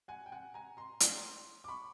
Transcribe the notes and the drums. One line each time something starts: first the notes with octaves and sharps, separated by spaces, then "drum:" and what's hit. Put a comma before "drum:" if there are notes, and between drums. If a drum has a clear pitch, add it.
F#5 G#5
G5
F#5 G#5
G#5 A#5
A#5 C6
drum: hi-hat
D6
B5 C#6